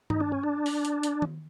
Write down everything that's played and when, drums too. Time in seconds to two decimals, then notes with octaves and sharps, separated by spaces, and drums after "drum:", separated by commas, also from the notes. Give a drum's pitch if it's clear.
0.10 D#4, drum: tom G2
0.20 D4
0.32 C#4
0.44 D4
0.66 drum: open hi-hat
0.85 drum: hi-hat
1.03 drum: hi-hat
1.22 drum: tom D#3